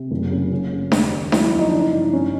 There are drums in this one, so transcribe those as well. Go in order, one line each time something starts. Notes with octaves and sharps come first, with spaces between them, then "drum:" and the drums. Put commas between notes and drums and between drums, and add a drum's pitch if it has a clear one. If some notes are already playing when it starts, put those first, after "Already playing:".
Already playing: C3
F#1
C#3
C#3
C#3
D#2, drum: snare D4
D#2
F#3 E4, drum: snare D4
E4
F2
D#4
C#3 D4
D#4
G1
G3 C#4